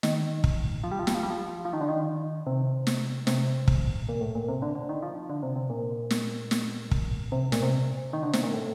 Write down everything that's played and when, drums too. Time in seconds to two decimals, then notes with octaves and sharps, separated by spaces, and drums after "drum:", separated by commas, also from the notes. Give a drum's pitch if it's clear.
0.03 D#3, drum: snare
0.44 drum: kick
0.84 F3
0.91 G3
0.99 F3
1.07 G3, drum: snare
1.15 F3
1.23 G3
1.30 F3
1.65 F3
1.73 D#3
1.81 D3
1.89 D#3
2.47 C3
2.87 drum: snare
3.27 C3, drum: snare
3.68 drum: kick
4.09 A#2
4.21 A2
4.35 A#2
4.48 C3
4.62 D3
4.75 D3
4.89 D#3
5.03 F3
5.30 D3
5.43 C3
5.56 C3
5.70 A#2
6.10 drum: snare
6.51 drum: snare
6.91 drum: kick
7.32 C3
7.52 A#2, drum: snare
7.62 C3
8.13 D#3
8.23 D3
8.33 C3, drum: snare
8.43 A#2
8.53 A2